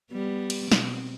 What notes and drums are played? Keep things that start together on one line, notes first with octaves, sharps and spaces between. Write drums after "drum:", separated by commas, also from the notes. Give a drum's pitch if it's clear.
G3 B3
drum: cymbal
B2 C4, drum: snare